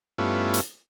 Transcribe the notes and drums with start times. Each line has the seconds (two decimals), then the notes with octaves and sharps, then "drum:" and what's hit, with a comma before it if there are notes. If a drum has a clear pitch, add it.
0.18 G2 A3 B3 C#4 E4 F4
0.54 drum: hi-hat